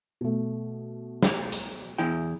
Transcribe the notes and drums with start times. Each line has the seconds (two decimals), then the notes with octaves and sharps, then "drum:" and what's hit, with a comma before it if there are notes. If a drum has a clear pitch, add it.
0.21 B2 A3
1.22 drum: snare
1.52 drum: hi-hat
1.98 E2 E4 G5